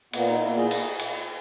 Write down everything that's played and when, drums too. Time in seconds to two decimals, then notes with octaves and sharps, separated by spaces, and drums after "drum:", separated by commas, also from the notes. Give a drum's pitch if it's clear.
0.13 A#2 A#3 B3, drum: cymbal
0.29 D#4
0.43 A#2 A#3 E4
0.57 G#4
0.71 drum: cymbal
1.00 drum: cymbal